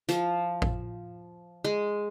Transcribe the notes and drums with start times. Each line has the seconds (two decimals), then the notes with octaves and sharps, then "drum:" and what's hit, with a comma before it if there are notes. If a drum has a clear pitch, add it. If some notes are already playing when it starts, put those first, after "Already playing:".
0.09 F3, drum: hi-hat
0.62 drum: kick A1
1.64 G#3